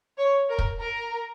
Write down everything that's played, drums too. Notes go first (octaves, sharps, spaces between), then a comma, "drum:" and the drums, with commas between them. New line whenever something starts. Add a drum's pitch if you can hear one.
C#5
A#4
drum: kick
A#4